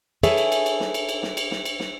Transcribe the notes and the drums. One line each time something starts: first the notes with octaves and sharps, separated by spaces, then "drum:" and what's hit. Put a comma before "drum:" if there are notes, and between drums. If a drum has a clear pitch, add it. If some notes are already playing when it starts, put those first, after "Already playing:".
G#4 A4 B4 C#5 E5 G#5, drum: cymbal
drum: cymbal
drum: cymbal
drum: cymbal
drum: snare
drum: cymbal
drum: cymbal
drum: snare
drum: cymbal
drum: snare
drum: cymbal
drum: snare